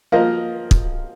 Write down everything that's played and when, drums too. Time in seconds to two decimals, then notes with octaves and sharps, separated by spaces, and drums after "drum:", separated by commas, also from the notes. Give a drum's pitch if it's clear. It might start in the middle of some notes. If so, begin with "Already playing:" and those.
0.12 F3 A#3 F4 A#4 D#5
0.71 drum: kick